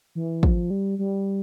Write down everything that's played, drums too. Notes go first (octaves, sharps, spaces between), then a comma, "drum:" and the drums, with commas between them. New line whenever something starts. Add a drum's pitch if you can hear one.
E3
F3, drum: kick
G3
G3